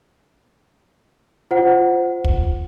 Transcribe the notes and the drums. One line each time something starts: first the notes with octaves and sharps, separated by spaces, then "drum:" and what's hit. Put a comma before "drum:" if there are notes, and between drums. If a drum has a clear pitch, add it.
F4 C5 F#5
drum: kick